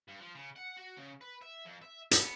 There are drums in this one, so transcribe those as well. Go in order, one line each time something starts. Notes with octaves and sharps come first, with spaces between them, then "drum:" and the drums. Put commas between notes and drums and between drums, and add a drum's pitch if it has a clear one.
G2
F3
C#3
F#5
F#4
C#3
B4
E5
F2
E5
B3, drum: hi-hat